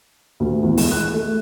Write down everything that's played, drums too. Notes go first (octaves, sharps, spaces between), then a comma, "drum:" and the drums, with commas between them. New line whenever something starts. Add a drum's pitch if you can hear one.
D2
E2
G#3, drum: open hi-hat
F#6
A3